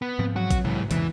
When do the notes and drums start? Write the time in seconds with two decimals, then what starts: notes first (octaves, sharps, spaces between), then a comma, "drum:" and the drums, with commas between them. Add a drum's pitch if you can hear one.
0.02 B3
0.19 G#2 F3 C4
0.36 F#3 F#4
0.50 drum: kick A1, hi-hat
0.65 G#2 C3 E3
0.91 E2 G#2 C#3 E3, drum: hi-hat